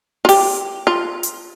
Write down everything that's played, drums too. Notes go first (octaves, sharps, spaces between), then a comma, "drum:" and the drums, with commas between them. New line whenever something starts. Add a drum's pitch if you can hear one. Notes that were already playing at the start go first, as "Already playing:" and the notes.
F4
G4, drum: open hi-hat
F4
drum: hi-hat